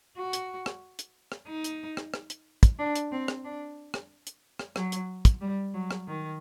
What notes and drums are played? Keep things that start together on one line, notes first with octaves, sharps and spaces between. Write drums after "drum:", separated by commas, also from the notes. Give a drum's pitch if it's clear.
F#4
drum: hi-hat
drum: rim click
drum: hi-hat
drum: rim click
D#4
drum: hi-hat
drum: rim click
drum: rim click
drum: hi-hat
drum: kick, hi-hat
D4
drum: hi-hat
C4
drum: rim click
D4
drum: rim click
drum: hi-hat
drum: rim click
F#3, drum: rim click
drum: hi-hat
drum: kick, hi-hat
G3
F#3
drum: rim click
D#3